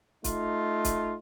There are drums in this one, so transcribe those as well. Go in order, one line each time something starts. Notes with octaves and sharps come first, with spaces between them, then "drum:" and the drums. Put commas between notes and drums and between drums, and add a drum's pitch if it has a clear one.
A3 D#4 F4, drum: kick C#1, hi-hat
drum: kick C#1, hi-hat